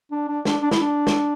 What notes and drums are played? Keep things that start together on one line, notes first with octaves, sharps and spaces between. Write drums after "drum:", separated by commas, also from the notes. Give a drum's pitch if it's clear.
D4
D4
D4, drum: snare
D4
E4, drum: snare
D4
drum: snare